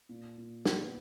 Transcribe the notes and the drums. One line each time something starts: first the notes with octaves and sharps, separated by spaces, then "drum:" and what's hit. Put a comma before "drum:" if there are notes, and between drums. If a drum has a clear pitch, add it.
A#2
A#2
A#2, drum: snare
B3